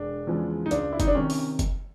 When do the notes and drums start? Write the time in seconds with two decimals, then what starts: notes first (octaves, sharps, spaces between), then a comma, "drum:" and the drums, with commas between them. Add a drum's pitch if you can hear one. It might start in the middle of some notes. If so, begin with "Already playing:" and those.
Already playing: E1 D4
0.27 E2 C#3 F3 G#3
0.66 D#4
0.71 C#2 D4, drum: hi-hat
0.93 E4
1.00 D#4, drum: kick, hi-hat
1.07 D4
1.15 C3 D#3 C#4
1.30 drum: open hi-hat
1.59 drum: kick, hi-hat